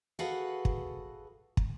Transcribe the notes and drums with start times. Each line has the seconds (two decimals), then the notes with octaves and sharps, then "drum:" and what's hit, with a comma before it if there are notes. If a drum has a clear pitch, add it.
0.19 F#4 G#4 A4 B4 F5 F#5
0.65 drum: kick
1.57 drum: kick